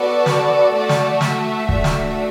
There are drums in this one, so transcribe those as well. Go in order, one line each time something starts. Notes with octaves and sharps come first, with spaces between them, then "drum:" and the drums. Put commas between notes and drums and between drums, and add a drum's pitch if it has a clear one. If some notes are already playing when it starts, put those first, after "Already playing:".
Already playing: B3 F#4 A4 D5
drum: snare
A3 F#4 A4 D5
drum: snare
E5, drum: snare
A3 D4 F#4, drum: kick
drum: snare